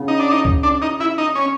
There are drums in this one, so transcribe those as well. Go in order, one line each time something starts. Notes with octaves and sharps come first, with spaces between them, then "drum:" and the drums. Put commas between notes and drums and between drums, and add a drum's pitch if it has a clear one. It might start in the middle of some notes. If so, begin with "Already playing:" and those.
Already playing: C#3 B3
D#4
D4
D#4
drum: kick C#2
D4
D#4
E4
D#4
C#4